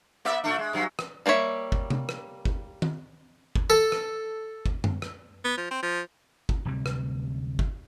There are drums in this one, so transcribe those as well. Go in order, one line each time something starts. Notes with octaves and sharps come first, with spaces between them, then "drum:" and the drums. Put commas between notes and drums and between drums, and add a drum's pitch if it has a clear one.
A#3 D5 E5
A#2 A3 D4
G#3
G2 F#3
drum: rim click
G3 A#3 D4 C#5 E5
drum: kick G1
drum: tom C3
drum: rim click
drum: kick G1
drum: tom D#3
drum: kick G1
A4
drum: rim click
drum: kick G1
drum: tom F#2
drum: rim click
B3
F3
C4
F3
drum: kick G1
D1 D2 C3 G3
drum: rim click
drum: kick G1